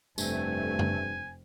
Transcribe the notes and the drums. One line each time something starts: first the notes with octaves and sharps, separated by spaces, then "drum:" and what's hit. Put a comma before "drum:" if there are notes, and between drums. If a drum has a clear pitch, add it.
F1 G2 A3 C4 G#5, drum: tambourine
drum: tom F#2